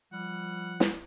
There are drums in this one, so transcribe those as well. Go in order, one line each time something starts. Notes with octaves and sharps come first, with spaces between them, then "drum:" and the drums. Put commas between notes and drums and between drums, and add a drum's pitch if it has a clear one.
F3 G3 F#5
drum: snare